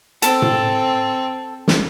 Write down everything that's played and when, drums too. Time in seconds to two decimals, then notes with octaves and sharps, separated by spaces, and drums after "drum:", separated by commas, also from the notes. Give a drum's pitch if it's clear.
0.22 C4 A4, drum: hi-hat
0.42 drum: tom A2
1.68 drum: snare